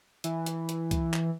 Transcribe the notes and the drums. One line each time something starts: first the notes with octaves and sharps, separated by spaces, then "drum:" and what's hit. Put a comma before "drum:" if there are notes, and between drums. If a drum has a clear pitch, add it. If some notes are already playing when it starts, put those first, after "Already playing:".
E3, drum: hi-hat
drum: hi-hat
drum: hi-hat
drum: kick C2, hi-hat
drum: clap